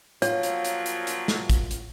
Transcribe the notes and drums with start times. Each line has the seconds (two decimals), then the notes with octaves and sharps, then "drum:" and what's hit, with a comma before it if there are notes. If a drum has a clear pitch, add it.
0.22 A#2 F3 F#3 F4 C#5, drum: hi-hat
0.43 drum: hi-hat
0.65 drum: hi-hat
0.86 drum: hi-hat
1.07 drum: hi-hat
1.28 drum: snare
1.50 drum: kick, hi-hat
1.71 drum: hi-hat